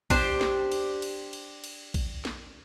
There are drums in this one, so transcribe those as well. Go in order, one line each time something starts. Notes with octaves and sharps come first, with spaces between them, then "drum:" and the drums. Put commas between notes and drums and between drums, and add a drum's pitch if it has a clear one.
D4 G4 C5, drum: kick A#1, cymbal
drum: snare
drum: cymbal
drum: cymbal
drum: cymbal
drum: cymbal
drum: kick A#1, cymbal
drum: snare